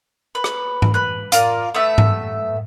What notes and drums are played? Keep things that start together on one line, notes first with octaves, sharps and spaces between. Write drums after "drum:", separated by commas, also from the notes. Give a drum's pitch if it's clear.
B4
drum: rim click
drum: tom G#2
B4 F#6
F4 A#4 D5, drum: hi-hat
A3 B3 E5
drum: tom G#2